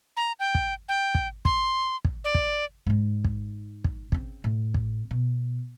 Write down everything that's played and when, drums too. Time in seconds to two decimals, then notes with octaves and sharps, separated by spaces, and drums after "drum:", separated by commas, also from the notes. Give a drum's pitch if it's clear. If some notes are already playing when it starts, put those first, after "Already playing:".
0.17 A#5
0.40 G5
0.55 drum: kick
0.89 G5
1.15 drum: kick
1.45 C6, drum: kick
2.05 drum: kick
2.24 D5
2.35 drum: kick
2.87 G#2 D#4
3.24 drum: kick
3.84 drum: kick
4.12 C#3 C4, drum: kick
4.44 A2
4.74 drum: kick
5.11 B2